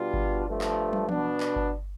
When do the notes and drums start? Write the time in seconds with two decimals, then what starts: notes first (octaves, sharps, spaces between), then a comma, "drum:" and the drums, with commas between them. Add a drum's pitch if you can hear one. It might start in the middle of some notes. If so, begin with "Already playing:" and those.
Already playing: B2 G3 D4 F4
0.14 drum: kick G1
0.45 G2 F3 A3
0.61 drum: clap
0.93 drum: tom
1.09 B2 B3 D4, drum: tom E3
1.40 drum: clap
1.56 drum: kick G1